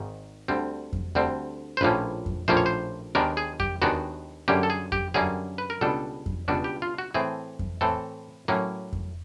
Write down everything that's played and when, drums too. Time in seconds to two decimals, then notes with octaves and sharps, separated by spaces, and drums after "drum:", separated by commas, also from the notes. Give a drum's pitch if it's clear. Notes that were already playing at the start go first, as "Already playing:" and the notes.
Already playing: G#1 G#2 D#3
0.48 D2 D3 G3 C4
0.93 drum: kick F2
1.15 D2 D3 G3 C4
1.77 C5
1.81 A#1 A2 F3 A#3 C#4 B4
2.26 drum: kick F2
2.48 A#1 A2 F3 A#3 C#4 C5
2.57 C#5
2.66 C5
3.15 D#2 D#3 G#3 B3 D4 A#4
3.37 G#4
3.60 G4, drum: kick F2
3.82 D#2 D#3 G#3 B3 D4 F#4
4.48 F#2 D3 G3 A#3 C#4 G4
4.63 A4
4.70 G#4
4.92 G4, drum: kick F2
5.14 F#2 D3 G3 A#3 C#4 G#4
5.58 B4
5.70 A#4
5.81 C#2 B2 G3 B3 D4 A4
6.26 drum: kick F2
6.48 C#2 B2 G3 B3 D4 F#4
6.64 G4
6.82 F4
6.98 F#4
7.14 A2 E3 A3 C4 G#4
7.59 drum: kick F2
7.81 A2 E3 A3 C4 A4
8.48 A2 F#3 A#3 C#4
8.93 drum: kick F2